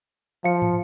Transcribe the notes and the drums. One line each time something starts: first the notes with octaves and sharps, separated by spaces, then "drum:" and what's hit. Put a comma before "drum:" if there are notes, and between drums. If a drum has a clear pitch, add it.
F3 F5 C#7
drum: tom